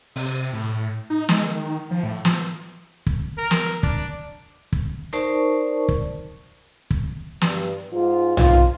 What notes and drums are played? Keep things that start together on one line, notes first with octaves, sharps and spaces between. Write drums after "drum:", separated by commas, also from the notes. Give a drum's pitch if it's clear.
C3, drum: open hi-hat
A2
D#4
G#3, drum: snare
D#3
F3
A2
F3, drum: snare
drum: kick
A#4
drum: snare
D4, drum: kick
drum: kick
D#4 A#4 C5 D5 A5 C#6, drum: hi-hat
drum: kick
drum: kick
G2, drum: snare
G#2 F4
E2 C4 D#4 F4, drum: tom B1